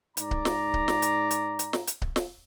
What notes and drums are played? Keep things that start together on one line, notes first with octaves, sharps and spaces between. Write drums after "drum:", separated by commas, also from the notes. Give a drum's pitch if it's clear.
G#2 D5 A#5, drum: hi-hat
drum: kick C#1
drum: snare
drum: kick C#1
drum: snare
drum: hi-hat
drum: hi-hat
drum: hi-hat
drum: snare
drum: hi-hat
drum: kick C#1
drum: snare